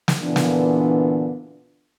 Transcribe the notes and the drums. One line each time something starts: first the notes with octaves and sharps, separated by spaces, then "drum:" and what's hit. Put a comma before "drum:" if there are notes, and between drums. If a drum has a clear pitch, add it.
drum: snare
A#2 D3 E3 B3 D4 F4
drum: snare